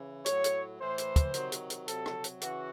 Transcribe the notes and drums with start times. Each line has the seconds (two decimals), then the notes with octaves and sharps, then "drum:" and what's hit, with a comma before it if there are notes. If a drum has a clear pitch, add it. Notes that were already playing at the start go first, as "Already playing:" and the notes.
Already playing: C#3 E3
0.26 A2 F#3 C#5, drum: hi-hat
0.44 drum: hi-hat
0.80 A2 E3 C5
0.98 drum: hi-hat
1.16 drum: kick, hi-hat
1.34 C3 D#3 F#3, drum: hi-hat
1.52 drum: hi-hat
1.70 drum: hi-hat
1.88 C3 F#3 A4, drum: hi-hat
2.06 drum: rim click
2.24 drum: hi-hat
2.41 C#3 E3 F#4, drum: hi-hat